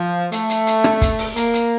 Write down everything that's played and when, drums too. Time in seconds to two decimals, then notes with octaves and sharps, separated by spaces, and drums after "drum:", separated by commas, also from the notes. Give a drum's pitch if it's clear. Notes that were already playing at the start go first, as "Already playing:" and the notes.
Already playing: F3
0.32 A3, drum: hi-hat
0.49 drum: hi-hat
0.67 drum: hi-hat
0.84 drum: rim click
1.02 drum: kick, hi-hat
1.19 drum: open hi-hat
1.36 A#3, drum: hi-hat
1.54 drum: hi-hat